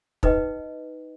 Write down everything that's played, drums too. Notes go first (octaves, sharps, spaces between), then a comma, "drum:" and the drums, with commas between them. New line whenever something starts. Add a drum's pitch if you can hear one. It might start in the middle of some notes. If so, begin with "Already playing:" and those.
D#4 B4 D#5 G5, drum: kick